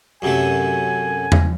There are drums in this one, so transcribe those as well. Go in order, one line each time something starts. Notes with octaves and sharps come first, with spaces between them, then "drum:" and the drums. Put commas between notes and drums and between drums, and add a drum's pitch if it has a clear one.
F#2 C3 A3 G#5
drum: tom E2